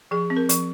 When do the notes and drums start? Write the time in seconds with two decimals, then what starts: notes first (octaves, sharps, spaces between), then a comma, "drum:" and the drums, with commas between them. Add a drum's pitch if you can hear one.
0.11 F3 G#4
0.30 C4
0.37 A#4
0.49 F3, drum: hi-hat